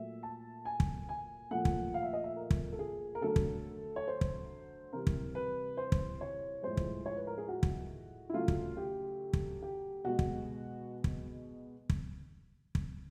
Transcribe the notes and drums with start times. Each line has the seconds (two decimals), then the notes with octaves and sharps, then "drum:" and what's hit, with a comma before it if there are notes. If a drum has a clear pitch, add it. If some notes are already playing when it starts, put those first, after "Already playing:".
Already playing: A#2 F#3 A3 E5
0.23 A5
0.65 G#5
0.80 drum: kick
1.09 G#5
1.51 A#2 F3 A3 F#5
1.65 drum: kick
1.94 F5
2.03 E5
2.13 D#5
2.24 E5
2.36 A#4
2.51 drum: kick
2.73 A4
2.79 G#4
3.15 A#4
3.21 D3 F#3 A3 A4
3.36 drum: kick
3.96 C#5
4.08 C5
4.21 drum: kick
4.93 C3 E3 G3 A#4
5.07 drum: kick
5.35 B4
5.77 C5
5.92 drum: kick
6.21 C#5
6.63 A2 F3 G#3 C5
6.77 drum: kick
7.06 C#5
7.17 B4
7.27 A#4
7.38 G#4
7.48 F#4
7.63 drum: kick
8.30 E4
8.33 C#3 F#3 A3 F4
8.48 drum: kick
8.77 G4
9.33 drum: kick
9.62 G4
10.04 B2 G#3 F#4
10.19 drum: kick
11.04 drum: kick
11.90 drum: kick
12.75 drum: kick